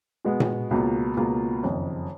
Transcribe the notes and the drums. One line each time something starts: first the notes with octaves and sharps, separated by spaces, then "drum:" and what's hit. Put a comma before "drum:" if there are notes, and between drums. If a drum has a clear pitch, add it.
B2 G#3 B3
drum: tom A#2
C#2 B2 A#3 F4
C#2 B2 A#3 F4
F#1 F2 D#3